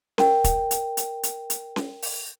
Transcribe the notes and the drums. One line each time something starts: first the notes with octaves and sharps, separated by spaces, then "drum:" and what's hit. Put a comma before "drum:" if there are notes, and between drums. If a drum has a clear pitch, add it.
A#4 G5, drum: snare C#4
drum: kick, hi-hat
drum: hi-hat
drum: hi-hat
drum: hi-hat
drum: hi-hat
drum: snare C#4
drum: open hi-hat